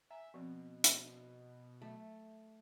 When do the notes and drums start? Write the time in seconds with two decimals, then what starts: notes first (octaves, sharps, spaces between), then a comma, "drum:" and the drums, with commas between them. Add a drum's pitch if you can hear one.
0.10 E5 G#5 A#5
0.34 B2 F3 C4
0.84 F5, drum: hi-hat
1.82 F#3 A3 E5